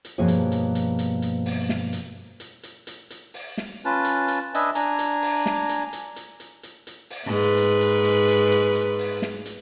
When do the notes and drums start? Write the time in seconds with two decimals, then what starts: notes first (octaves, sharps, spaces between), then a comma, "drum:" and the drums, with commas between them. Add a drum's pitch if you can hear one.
0.05 drum: hi-hat
0.18 G2 B2 F3 A#3 G#4 C#5
0.28 drum: hi-hat
0.52 drum: hi-hat
0.75 drum: hi-hat
0.99 drum: hi-hat
1.22 drum: hi-hat
1.46 drum: open hi-hat
1.69 drum: snare
1.93 drum: hi-hat
2.40 drum: hi-hat
2.63 drum: hi-hat
2.87 drum: hi-hat
3.10 drum: hi-hat
3.34 drum: open hi-hat
3.57 drum: snare
3.85 C#4 F4 B4 A5
4.05 drum: hi-hat
4.28 drum: hi-hat
4.54 D4 B4 D#5 E5 G#5, drum: hi-hat
4.75 D4 G#5 A#5, drum: hi-hat
4.99 drum: hi-hat
5.22 drum: open hi-hat
5.46 drum: snare
5.69 drum: hi-hat
5.93 drum: hi-hat
6.16 drum: hi-hat
6.40 drum: hi-hat
6.63 drum: hi-hat
6.87 drum: hi-hat
7.10 drum: open hi-hat
7.27 G#2 B4
7.57 drum: hi-hat
7.81 drum: hi-hat
8.04 drum: hi-hat
8.28 drum: hi-hat
8.52 drum: hi-hat
8.75 drum: hi-hat
8.99 drum: open hi-hat
9.22 drum: snare
9.46 drum: hi-hat